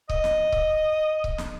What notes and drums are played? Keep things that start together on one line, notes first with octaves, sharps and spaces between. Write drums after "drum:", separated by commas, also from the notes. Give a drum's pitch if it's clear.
D#5, drum: kick C#1
drum: snare
drum: kick C#1
drum: kick C#1
drum: snare